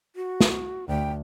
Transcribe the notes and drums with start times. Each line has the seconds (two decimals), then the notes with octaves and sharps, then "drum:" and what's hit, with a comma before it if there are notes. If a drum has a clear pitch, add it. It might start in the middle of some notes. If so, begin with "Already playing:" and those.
0.16 F#4
0.41 drum: snare
0.88 D2 G5